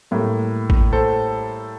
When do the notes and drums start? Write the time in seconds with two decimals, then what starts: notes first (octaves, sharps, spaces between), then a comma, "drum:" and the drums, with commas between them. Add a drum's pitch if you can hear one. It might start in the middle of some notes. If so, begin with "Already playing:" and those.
0.11 A2 G3 A#3
0.70 drum: kick A1
0.93 A4 C5